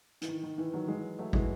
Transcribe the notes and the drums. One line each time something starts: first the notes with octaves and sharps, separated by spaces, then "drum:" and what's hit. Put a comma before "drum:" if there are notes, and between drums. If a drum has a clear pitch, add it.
E3, drum: hi-hat
D#3
D#3
E3
D#3 F#3
E3 G#3
F#3 A3
E3 G#3, drum: kick